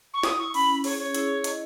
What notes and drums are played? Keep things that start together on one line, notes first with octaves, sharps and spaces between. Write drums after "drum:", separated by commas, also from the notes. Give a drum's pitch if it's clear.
C#6
E4 D#6, drum: snare
E4 C#6
C#4 B5, drum: open hi-hat
C#4
G#4 C#5, drum: open hi-hat
G#4 C#5
E4, drum: hi-hat
E4
D#5, drum: hi-hat